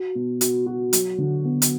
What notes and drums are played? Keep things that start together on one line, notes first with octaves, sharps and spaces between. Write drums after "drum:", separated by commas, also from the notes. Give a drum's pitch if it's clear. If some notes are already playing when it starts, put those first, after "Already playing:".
Already playing: F#4
B2
F#4, drum: hi-hat
F#4
F#3, drum: hi-hat
D3
B3
drum: hi-hat